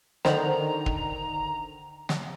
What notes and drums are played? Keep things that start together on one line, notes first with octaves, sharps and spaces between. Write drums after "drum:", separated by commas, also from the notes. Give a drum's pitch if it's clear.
D3 D#3 C5 A#5 B5, drum: snare
drum: kick
drum: snare